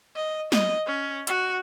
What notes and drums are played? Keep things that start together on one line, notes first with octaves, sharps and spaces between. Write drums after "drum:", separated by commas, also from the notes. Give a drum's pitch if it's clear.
D#5
D#5, drum: snare
C#4
F#4, drum: hi-hat